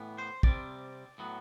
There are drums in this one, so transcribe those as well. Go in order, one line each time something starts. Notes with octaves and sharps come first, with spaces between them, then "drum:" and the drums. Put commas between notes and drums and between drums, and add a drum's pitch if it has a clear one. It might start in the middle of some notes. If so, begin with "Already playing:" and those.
Already playing: A2 E3 B3
C5
C3 G3 C4 D5, drum: kick
A2 F#3 B3